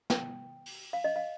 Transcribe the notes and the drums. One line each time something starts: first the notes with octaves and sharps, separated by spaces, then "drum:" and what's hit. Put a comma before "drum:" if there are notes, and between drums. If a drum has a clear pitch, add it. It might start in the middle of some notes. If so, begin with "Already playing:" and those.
G5, drum: snare
drum: open hi-hat
F5
D#5
F5